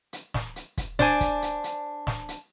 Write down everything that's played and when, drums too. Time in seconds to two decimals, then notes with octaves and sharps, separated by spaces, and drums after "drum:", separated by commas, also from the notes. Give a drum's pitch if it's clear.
0.13 drum: hi-hat
0.34 drum: snare
0.56 drum: hi-hat
0.78 drum: kick, hi-hat
0.99 D4 C5 G#5, drum: snare
1.21 drum: kick, hi-hat
1.42 drum: hi-hat
1.64 drum: hi-hat
2.07 drum: snare
2.28 drum: hi-hat